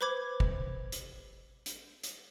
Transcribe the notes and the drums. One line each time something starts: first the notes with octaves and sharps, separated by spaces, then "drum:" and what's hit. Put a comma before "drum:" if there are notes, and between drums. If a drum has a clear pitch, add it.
B4 C5 B5 D6 G#6
drum: kick
drum: hi-hat
drum: hi-hat
drum: hi-hat